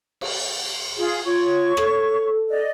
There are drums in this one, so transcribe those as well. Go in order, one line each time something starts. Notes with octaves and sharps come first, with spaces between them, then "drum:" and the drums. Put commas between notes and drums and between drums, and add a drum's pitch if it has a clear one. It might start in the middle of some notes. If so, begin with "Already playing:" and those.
drum: cymbal
F4 G#4
F4 C#5 C#6
A4, drum: rim click
D5 D#5